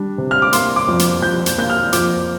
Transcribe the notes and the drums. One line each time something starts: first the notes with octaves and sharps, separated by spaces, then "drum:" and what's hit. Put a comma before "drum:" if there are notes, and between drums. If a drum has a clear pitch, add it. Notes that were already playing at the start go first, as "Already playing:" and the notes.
Already playing: G3 D4
C3
F6
D6
A#3 C6, drum: hi-hat
D6
F2
drum: hi-hat
F2 G6
drum: hi-hat
A#3 G6
F6
F2 D6, drum: hi-hat